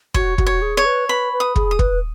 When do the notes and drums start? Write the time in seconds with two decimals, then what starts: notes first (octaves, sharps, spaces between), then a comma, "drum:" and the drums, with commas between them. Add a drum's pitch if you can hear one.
0.14 F#4 C#5, drum: kick
0.38 F#4, drum: kick
0.47 C#5
0.62 G#4
0.77 C#5
0.85 B4
1.09 B4 B5
1.33 B4
1.40 D#6
1.56 G#4, drum: kick
1.71 D#6
1.79 B4, drum: kick